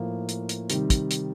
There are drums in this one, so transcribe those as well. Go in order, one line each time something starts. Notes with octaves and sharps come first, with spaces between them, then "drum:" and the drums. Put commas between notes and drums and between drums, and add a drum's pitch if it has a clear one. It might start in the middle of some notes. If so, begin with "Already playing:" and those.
Already playing: A2 F3 A#3
drum: hi-hat
drum: hi-hat
C3 D#3 G3, drum: hi-hat
drum: kick, hi-hat
drum: hi-hat